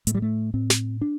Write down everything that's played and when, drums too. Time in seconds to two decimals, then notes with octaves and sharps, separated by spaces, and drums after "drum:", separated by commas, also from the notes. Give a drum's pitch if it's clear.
0.07 A2 A3, drum: hi-hat
0.15 G3
0.22 A3
0.54 A2 C4
0.70 drum: snare
1.01 D4